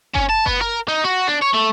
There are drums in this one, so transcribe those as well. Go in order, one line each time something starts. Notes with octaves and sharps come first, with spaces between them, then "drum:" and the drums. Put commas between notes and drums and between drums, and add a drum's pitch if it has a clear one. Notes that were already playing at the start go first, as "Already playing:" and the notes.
C#4, drum: kick F#1
A5
B3, drum: kick F#1
A#4
D#4
F#4
D4
C#5
A3